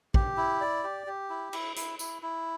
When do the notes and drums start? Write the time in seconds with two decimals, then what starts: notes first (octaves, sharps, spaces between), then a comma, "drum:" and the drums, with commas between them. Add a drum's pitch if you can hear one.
0.14 G4, drum: kick
0.37 E4
0.61 D5
0.84 G4
1.07 G4
1.30 E4
1.53 E4, drum: cymbal
1.76 E4, drum: hi-hat
1.99 E4, drum: tambourine
2.22 E4